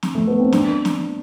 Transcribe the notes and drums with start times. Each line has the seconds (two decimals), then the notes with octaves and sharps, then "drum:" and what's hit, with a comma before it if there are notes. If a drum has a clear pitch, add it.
0.03 drum: snare
0.15 A3
0.27 B3
0.40 C4
0.52 D4, drum: snare
0.85 drum: snare